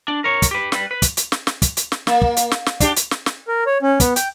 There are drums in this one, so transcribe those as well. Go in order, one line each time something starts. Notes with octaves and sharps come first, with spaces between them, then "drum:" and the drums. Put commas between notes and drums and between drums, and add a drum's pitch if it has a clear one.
D4
A#4 C#5
drum: kick, hi-hat
G4 B4
G3 B4, drum: snare
B4
drum: kick, hi-hat
drum: hi-hat
drum: snare
drum: snare
drum: kick, hi-hat
drum: hi-hat
drum: snare
A#3, drum: snare
drum: kick
drum: hi-hat
drum: snare
drum: snare
D4 G4, drum: kick, hi-hat
drum: hi-hat
drum: snare
drum: snare
A#4
C#5
C#4
B3, drum: kick, hi-hat
G5, drum: hi-hat